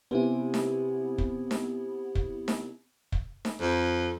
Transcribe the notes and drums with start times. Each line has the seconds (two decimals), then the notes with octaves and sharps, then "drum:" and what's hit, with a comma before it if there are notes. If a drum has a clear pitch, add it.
0.11 C3 B3 E4 G#5
0.54 drum: snare D#4
1.18 drum: kick
1.51 drum: snare D#4
2.15 drum: kick
2.48 drum: snare D#4
3.12 drum: kick
3.45 drum: snare D#4
3.61 F2